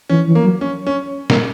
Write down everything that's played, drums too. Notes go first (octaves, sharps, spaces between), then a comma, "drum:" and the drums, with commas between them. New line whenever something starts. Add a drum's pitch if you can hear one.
E3 C#4
E3
A#3
F#3
C#4
C#4
A#3, drum: snare